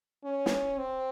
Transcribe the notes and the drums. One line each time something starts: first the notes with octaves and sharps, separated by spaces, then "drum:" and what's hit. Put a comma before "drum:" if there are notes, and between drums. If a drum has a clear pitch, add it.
C#4
drum: snare
C4